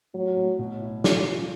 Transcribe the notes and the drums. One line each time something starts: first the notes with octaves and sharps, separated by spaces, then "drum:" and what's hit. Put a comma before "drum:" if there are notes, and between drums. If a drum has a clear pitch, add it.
A2 F#3
A2
B2
E4
F3, drum: snare
F3